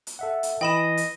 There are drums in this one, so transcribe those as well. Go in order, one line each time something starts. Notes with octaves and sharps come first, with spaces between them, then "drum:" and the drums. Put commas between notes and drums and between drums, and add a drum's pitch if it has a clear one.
drum: hi-hat
A4 E5 F#5
drum: hi-hat
E3 D#5 G5 B5 E7
drum: hi-hat